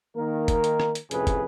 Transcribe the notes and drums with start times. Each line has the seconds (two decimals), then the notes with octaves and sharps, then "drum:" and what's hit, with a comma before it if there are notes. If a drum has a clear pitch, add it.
0.17 D#3 A#3 A#4
0.48 drum: kick, hi-hat
0.64 drum: hi-hat
0.80 drum: rim click
0.95 drum: hi-hat
1.11 F2 A2 C3 C#4 G#4 B4, drum: hi-hat
1.27 drum: kick, hi-hat